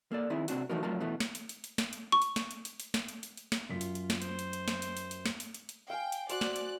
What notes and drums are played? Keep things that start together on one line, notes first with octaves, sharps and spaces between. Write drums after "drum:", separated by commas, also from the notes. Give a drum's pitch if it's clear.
A#3 A4 D5
D#3 C4 E4 G#4
C3 C4 D4 F#4, drum: hi-hat
E3 F3 A3 D#4 F#4 A#4
F2 F#3 A3 F4 A#4 A5
B2 E3 A3 B3
drum: snare
drum: hi-hat
drum: hi-hat
drum: hi-hat
drum: snare
drum: hi-hat
C#6
drum: hi-hat
drum: snare
drum: hi-hat
drum: hi-hat
drum: hi-hat
drum: snare
drum: hi-hat
drum: hi-hat
drum: hi-hat
drum: snare
F#2 F4 B6
drum: hi-hat
drum: hi-hat
drum: snare
C5, drum: hi-hat
drum: hi-hat
drum: hi-hat
drum: snare
drum: hi-hat
drum: hi-hat
drum: hi-hat
drum: snare
drum: hi-hat
drum: hi-hat
drum: hi-hat
F5 G5 G#5
drum: hi-hat
F#4 C5 D5 F#6, drum: hi-hat
drum: snare
drum: hi-hat